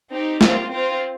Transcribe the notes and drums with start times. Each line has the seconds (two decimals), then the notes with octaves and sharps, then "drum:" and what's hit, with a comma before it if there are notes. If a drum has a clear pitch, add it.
0.11 C4 D#4 G4
0.41 C4 F4, drum: snare
0.71 C4 F4